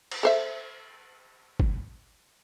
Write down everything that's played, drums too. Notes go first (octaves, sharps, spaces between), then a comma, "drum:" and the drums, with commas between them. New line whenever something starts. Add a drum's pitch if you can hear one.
drum: cymbal
A4 C5 E5
drum: kick